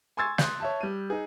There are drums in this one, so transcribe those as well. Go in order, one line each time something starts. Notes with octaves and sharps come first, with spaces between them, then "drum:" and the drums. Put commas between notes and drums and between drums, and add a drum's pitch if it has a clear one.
G#5 C6 C#6 E6 G#6 A6
C6 D#6 F#6 G6, drum: snare
C#5 E5 A5
G3 D#7
D#4 G#4